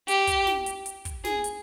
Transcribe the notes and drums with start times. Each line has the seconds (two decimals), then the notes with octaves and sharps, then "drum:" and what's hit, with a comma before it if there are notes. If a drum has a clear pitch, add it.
0.08 G4, drum: hi-hat
0.27 drum: kick, hi-hat
0.47 drum: snare
0.66 drum: hi-hat
0.86 drum: hi-hat
1.05 drum: kick, hi-hat
1.25 G#4, drum: snare
1.44 drum: hi-hat